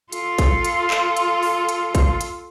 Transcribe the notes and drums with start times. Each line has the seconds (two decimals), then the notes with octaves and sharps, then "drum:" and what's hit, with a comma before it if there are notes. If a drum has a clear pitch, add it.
0.12 F4 A4, drum: hi-hat
0.39 drum: kick, hi-hat
0.65 drum: hi-hat
0.91 drum: clap
1.17 drum: hi-hat
1.43 drum: open hi-hat
1.69 drum: hi-hat
1.95 drum: kick, hi-hat
2.21 drum: hi-hat